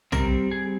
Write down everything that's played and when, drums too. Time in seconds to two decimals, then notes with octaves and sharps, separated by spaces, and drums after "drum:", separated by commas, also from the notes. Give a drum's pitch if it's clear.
0.12 G3 C4 A#4, drum: tom
0.51 G#4